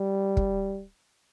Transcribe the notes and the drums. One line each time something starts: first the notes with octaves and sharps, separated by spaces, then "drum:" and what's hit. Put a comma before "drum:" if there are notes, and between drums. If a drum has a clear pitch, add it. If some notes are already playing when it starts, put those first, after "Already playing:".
Already playing: G3
drum: kick